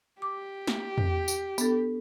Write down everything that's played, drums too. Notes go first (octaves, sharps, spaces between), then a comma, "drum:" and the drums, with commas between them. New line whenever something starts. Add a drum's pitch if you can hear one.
G4 D6
drum: snare
drum: tom
drum: tambourine
B3 D4 A4, drum: tambourine